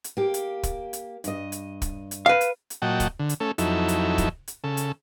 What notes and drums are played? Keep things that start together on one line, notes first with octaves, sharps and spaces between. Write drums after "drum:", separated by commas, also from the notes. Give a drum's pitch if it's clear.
drum: hi-hat
A#3 G4
drum: hi-hat
drum: kick, hi-hat
drum: hi-hat
G2 D#5, drum: hi-hat
drum: hi-hat
drum: kick, hi-hat
drum: hi-hat
B4 F5
drum: hi-hat
drum: hi-hat
A#2 F#3 D#5 F#5 G5 A5
drum: kick, hi-hat
D3
drum: hi-hat
A3 C#4 A4
F2 F#3 D#4 E4 A4, drum: hi-hat
drum: hi-hat
drum: kick, hi-hat
drum: hi-hat
C#3 A4
drum: hi-hat